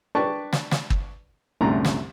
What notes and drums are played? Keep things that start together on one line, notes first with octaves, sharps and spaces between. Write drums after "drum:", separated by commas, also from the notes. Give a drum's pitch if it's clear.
D4 B4 D5 G5 A5 C#6
drum: snare
drum: snare
drum: kick
C2 F#2 A2 D3 D4 A#5
drum: snare